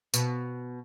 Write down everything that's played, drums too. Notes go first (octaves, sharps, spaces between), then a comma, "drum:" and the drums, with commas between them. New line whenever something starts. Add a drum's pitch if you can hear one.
B2, drum: tambourine